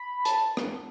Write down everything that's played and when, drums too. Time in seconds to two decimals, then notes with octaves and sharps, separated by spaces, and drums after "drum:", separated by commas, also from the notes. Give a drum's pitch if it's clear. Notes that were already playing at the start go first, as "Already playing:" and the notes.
Already playing: B5
0.25 A5, drum: hi-hat
0.57 drum: rim click